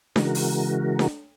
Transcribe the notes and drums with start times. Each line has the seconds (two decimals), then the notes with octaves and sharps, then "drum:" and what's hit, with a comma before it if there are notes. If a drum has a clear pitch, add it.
0.16 C#3 E3 G#3 F#4 A#4, drum: snare D4
0.35 drum: open hi-hat
0.99 drum: snare D4